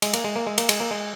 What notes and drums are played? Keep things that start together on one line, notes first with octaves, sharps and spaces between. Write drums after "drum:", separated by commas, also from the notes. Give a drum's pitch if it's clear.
G#3, drum: cymbal
A#3, drum: cymbal
G#3
A#3
G#3
A#3, drum: cymbal
G#3, drum: cymbal
A#3
G#3